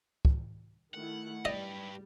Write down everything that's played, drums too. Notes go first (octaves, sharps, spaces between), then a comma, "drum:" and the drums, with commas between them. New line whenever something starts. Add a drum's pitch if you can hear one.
drum: kick
D#3 A3 E4 F#5
G3 G4 B4 D5 D#5